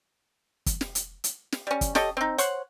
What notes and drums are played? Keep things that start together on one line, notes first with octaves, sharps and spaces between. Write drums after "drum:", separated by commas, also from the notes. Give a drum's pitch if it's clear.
drum: kick, hi-hat
drum: snare
drum: hi-hat
drum: hi-hat
drum: snare
G3 C#4
drum: kick, hi-hat
G4 A4 C#5 D#5, drum: snare
C4 D#4
C5 C#5 F#5, drum: hi-hat